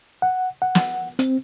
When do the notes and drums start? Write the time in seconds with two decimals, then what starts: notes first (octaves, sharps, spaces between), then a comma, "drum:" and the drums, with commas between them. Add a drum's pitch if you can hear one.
0.22 F#5
0.62 F#5
0.75 drum: snare
1.19 C4, drum: hi-hat